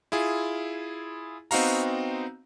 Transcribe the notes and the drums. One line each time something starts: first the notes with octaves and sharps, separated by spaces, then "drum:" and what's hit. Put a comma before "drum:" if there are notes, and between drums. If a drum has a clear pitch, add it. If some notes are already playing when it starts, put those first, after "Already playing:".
E4 F4 G#4
B3 C4 D#4 F#4 F5 A#5, drum: open hi-hat